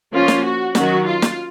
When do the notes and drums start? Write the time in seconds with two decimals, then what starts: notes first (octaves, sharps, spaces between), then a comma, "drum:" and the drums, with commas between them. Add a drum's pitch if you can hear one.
0.12 F3 A#3 C#4 F4
0.28 drum: snare
0.44 F#4
0.75 D#3 F#3 C#4 F#4, drum: snare
1.07 F4
1.22 drum: snare